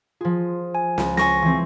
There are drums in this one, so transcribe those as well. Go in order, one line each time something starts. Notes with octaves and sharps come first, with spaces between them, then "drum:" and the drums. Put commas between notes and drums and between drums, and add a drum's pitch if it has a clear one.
F3 F4 G#4
G#5
C#2, drum: snare
G#5 C#6 A#6, drum: snare
E3 C4